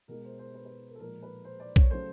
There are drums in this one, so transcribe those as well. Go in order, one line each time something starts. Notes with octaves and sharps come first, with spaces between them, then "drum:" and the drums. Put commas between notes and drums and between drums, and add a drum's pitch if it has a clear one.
B2 G#3 A#4
C5
C5
B4
B4
A#4
A4
A#2 F3 G#3 A#4
B4
C5
D5
C#5, drum: kick A#1
C#3 F#3 A3 C5